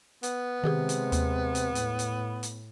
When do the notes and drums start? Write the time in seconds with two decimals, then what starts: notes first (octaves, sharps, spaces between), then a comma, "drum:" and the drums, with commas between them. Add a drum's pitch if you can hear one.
0.23 B3, drum: hi-hat
0.64 C3 D#3 G#3 G4 G#4
0.89 drum: hi-hat
1.12 D#2, drum: hi-hat
1.55 drum: hi-hat
1.75 A2, drum: hi-hat
1.99 drum: hi-hat
2.43 drum: hi-hat